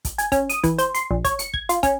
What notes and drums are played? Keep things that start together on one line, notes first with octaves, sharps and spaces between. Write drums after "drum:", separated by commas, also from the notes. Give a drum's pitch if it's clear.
drum: kick, hi-hat
G#5, drum: hi-hat
C#4, drum: kick, hi-hat
D#6, drum: hi-hat
E3, drum: kick, hi-hat
C5, drum: hi-hat
C6, drum: hi-hat
A#1
C#5, drum: kick, hi-hat
C#7, drum: hi-hat
G#6, drum: kick
F4, drum: hi-hat
C#4, drum: kick, hi-hat